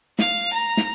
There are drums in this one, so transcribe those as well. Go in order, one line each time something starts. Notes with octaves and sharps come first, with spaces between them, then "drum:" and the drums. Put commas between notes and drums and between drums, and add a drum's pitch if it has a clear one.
F5, drum: snare
A#5
drum: snare